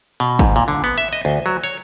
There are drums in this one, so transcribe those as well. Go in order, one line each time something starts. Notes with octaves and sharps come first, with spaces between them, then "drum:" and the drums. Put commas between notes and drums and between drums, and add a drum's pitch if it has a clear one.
B2
G#2, drum: kick G#1
A#2
D3
B3
E5
D#5
D2
F#3
C#5